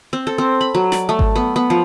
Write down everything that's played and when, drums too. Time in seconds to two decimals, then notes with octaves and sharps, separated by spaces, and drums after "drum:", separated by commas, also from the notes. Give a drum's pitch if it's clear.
0.13 C4
0.27 A4
0.38 C4
0.61 B5
0.75 F#3
0.92 D5, drum: snare
1.09 A3
1.19 drum: kick G#1
1.36 B3
1.56 B3
1.70 F3